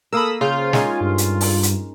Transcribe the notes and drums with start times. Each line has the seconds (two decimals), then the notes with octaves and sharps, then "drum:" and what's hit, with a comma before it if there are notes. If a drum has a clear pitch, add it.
0.13 A#3 A4 A#4 B5 D#6 E6
0.41 C#3 F4 G6
0.59 C5
0.73 G#3 C#4 D#4 G#5, drum: snare
1.01 G2
1.18 drum: hi-hat
1.41 drum: open hi-hat
1.63 drum: hi-hat